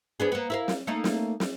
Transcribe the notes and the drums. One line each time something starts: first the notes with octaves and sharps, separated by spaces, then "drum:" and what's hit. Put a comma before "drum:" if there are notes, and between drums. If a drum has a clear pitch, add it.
B3 D4 G#4
A#3 B3
E4 A#4 F5
drum: snare
A3 A#3 D#4
drum: snare
drum: snare